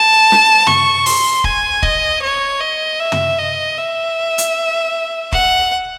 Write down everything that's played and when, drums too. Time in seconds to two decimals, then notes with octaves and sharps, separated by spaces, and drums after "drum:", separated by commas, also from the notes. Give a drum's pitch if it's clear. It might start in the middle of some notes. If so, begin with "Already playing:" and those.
Already playing: A5
0.32 drum: snare
0.67 C#6, drum: tom
1.06 C6, drum: open hi-hat
1.44 G#5, drum: kick
1.83 D#5, drum: kick
2.22 C#5
2.60 D#5
2.99 E5
3.12 drum: tom
3.38 D#5
3.77 E5
4.38 drum: hi-hat
5.32 F#5, drum: kick